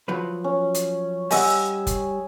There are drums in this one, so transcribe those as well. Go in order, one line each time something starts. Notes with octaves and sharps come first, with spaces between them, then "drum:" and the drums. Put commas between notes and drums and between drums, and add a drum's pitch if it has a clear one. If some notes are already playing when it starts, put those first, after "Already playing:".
F3 F#3 B4
C#4
drum: hi-hat
G3 D#5 F#5 G#5 D#6 E6, drum: open hi-hat
drum: kick F1, hi-hat